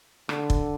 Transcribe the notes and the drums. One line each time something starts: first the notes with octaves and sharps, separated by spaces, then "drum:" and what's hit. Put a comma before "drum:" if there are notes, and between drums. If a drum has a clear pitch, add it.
D3, drum: rim click
drum: kick